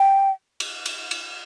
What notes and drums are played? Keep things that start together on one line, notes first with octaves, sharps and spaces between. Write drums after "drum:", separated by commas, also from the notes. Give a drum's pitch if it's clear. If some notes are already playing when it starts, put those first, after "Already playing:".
Already playing: G5
drum: cymbal
drum: cymbal
drum: cymbal